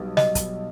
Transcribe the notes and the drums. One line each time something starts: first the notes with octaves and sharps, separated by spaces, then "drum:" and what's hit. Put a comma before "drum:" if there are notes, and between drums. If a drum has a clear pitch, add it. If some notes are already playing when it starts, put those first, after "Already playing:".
Already playing: B1 B2 G3
D#5, drum: snare
drum: kick, hi-hat